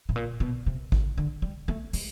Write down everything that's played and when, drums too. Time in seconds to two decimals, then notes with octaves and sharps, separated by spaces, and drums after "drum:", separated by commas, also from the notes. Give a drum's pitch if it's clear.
0.09 A2
0.16 A#2
0.40 B2
0.66 C3
0.92 C#3, drum: kick G#1
1.18 D3
1.42 G3
1.68 A3
1.93 G#3, drum: open hi-hat